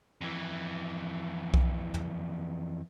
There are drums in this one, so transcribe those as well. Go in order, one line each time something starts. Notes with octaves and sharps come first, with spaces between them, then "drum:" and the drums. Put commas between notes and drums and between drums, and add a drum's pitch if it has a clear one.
F2 E3
drum: kick B1
drum: tom